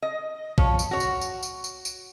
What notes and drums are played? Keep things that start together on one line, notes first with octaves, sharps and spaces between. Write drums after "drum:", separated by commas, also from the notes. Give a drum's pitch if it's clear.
D#5
F3 C#5, drum: kick A#1
drum: tambourine
F#4 C#5
drum: tambourine
drum: tambourine
drum: tambourine
drum: tambourine
drum: tambourine